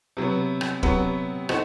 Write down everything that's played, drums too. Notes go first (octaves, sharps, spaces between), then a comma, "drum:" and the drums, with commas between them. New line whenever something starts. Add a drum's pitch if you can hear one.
C3 F#3 B3
drum: rim click
C3 F#3 B3, drum: kick
A3 D#4 F#4 C5, drum: rim click